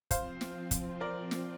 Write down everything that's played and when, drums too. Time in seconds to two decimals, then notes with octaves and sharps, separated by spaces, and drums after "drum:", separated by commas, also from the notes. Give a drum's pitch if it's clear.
0.11 F3 C4 F4 C5 F5, drum: kick, hi-hat
0.41 drum: snare
0.71 drum: kick, hi-hat
1.00 A#4 D5
1.31 drum: snare